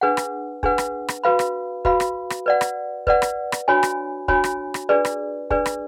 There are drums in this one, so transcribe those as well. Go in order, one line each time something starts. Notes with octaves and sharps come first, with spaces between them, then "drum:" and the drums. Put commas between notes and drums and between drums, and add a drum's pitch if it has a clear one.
D4 G#4 B4 F#5
drum: rim click
D4 G#4 B4 F#5, drum: kick
drum: rim click
drum: rim click
F#4 B4 F5 B5
drum: rim click
F#4 B4 F5 B5, drum: kick
drum: rim click
drum: rim click
B4 D5 F#5
drum: rim click
B4 D5 F#5, drum: kick
drum: rim click
drum: rim click
D4 F#4 C#5 G#5 B5
drum: rim click
D4 F#4 C#5 G#5 B5, drum: kick
drum: rim click
drum: rim click
D4 G#4 B4 D5
drum: rim click
D4 G#4 B4 D5, drum: kick
drum: rim click